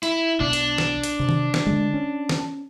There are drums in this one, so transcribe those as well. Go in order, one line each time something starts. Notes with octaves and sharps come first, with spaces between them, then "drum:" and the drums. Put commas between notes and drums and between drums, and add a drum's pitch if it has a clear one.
E4, drum: hi-hat
B1 B2 D4
drum: hi-hat
drum: snare
drum: hi-hat
C3
drum: tom D#3
drum: snare
D3 G#3
C#4
drum: snare